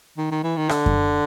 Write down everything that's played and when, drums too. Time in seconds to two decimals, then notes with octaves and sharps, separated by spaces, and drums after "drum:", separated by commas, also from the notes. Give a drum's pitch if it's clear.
0.18 D#3
0.31 D#3
0.43 E3
0.57 D#3
0.69 D3, drum: rim click
0.86 drum: kick F#2